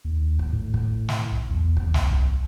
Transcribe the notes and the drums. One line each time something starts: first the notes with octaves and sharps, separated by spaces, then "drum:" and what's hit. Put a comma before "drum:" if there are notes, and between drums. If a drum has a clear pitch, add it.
D#2
drum: kick
A2
drum: kick
drum: snare
B1
E2
D#2, drum: kick
C2, drum: snare
drum: kick